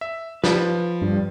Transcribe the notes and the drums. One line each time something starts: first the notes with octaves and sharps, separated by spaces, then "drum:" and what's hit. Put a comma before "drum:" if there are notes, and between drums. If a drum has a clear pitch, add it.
E5
F3 B4, drum: snare
G2